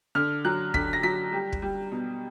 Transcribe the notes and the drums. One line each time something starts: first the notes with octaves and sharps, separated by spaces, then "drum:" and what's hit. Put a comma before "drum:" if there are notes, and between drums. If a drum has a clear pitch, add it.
D3 F6
F#3 F#6
D3 B6, drum: kick
A#6
F#3 B6
G3
drum: kick
G3
B2